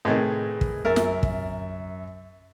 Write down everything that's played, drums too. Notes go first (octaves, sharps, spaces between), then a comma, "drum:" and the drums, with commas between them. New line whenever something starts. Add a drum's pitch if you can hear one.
A2 C3 D#3 G#4 B4 D#5
drum: kick
F#2 A#4 E5 A6
drum: snare
drum: kick